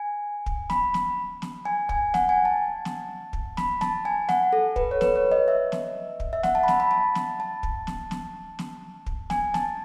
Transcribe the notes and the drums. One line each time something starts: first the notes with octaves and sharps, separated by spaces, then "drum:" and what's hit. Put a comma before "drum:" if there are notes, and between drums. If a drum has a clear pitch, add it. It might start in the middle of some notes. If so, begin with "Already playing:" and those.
Already playing: G#5
drum: kick
B5, drum: snare
drum: snare
drum: snare
G#5
G#5, drum: kick
F#5, drum: snare
G#5
A5
drum: snare
drum: kick
B5, drum: snare
A5, drum: snare
G#5
F#5, drum: snare
A4
B4, drum: kick
C#5
B4, drum: snare
C#5
D#5
E5
drum: snare
drum: kick
E5
F#5, drum: snare
A5
B5
A5, drum: snare
B5
A5
drum: snare
A5
drum: kick
drum: snare
drum: snare
drum: snare
drum: kick
G#5, drum: snare
A5, drum: snare